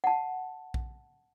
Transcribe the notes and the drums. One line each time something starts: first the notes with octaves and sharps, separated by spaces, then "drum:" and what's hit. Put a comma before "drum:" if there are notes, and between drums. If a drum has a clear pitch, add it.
F#5 A5
drum: kick A#1